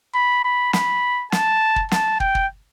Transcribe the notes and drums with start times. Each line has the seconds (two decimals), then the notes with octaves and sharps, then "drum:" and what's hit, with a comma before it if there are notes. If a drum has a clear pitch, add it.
0.14 B5
0.44 B5
0.73 B5, drum: snare
1.32 A5, drum: snare
1.76 drum: kick
1.91 A5, drum: snare
2.20 G5, drum: kick
2.35 drum: kick